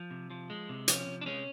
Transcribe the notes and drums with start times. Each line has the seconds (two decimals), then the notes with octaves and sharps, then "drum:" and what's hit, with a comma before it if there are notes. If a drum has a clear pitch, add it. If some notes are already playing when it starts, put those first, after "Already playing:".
Already playing: F3
0.11 C3
0.30 F3
0.50 G#3
0.69 C3
0.88 F3 C#4, drum: hi-hat
1.07 C3
1.21 D4
1.26 G#3 C#4